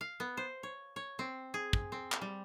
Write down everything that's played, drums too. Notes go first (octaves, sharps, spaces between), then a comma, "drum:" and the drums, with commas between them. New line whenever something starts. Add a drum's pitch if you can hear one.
F5
B3
C5
C#5
C#5
C4
G#4
drum: kick
C4
drum: clap
G3